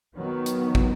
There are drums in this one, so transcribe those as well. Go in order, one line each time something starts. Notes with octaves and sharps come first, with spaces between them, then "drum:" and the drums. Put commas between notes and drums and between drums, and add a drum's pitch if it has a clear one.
D#3 F#3 B3
drum: hi-hat
drum: kick